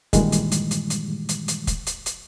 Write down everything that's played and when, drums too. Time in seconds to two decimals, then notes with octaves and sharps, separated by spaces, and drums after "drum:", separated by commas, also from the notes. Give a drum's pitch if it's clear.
0.13 G2 A#2 D#3 E3 G3 G#3, drum: kick, hi-hat
0.32 drum: hi-hat
0.51 drum: hi-hat
0.71 drum: hi-hat
0.90 drum: hi-hat
1.29 drum: hi-hat
1.48 drum: hi-hat
1.67 drum: kick, hi-hat
1.87 drum: hi-hat
2.06 drum: hi-hat